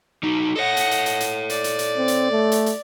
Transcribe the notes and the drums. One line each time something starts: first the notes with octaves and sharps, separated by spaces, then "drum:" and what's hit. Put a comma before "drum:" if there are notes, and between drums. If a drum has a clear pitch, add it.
F#3 D#4
A4 C#5 D#5 F#5
drum: hi-hat
drum: hi-hat
drum: hi-hat
drum: hi-hat
D5, drum: hi-hat
drum: hi-hat
drum: hi-hat
C4
drum: hi-hat
A3
drum: hi-hat
drum: hi-hat